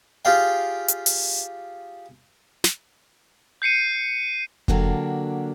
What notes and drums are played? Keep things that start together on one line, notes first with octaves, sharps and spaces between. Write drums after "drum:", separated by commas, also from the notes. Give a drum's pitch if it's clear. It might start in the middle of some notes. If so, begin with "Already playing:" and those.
F4 G4 G#4 D5 F5 G5
drum: hi-hat
drum: open hi-hat
drum: snare
G6 C7 C#7 D#7
D3 F#3 A#3 D4 F#4 G4, drum: kick F1